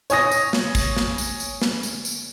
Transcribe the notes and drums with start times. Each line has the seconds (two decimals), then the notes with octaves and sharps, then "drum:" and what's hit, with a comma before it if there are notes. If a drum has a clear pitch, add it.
0.10 C#5 G#5 D#6 A#6, drum: tambourine
0.31 drum: tambourine
0.53 drum: snare
0.75 drum: kick, tambourine
0.97 drum: snare
1.18 drum: tambourine
1.40 drum: tambourine
1.62 drum: snare
1.83 drum: tambourine
2.05 drum: tambourine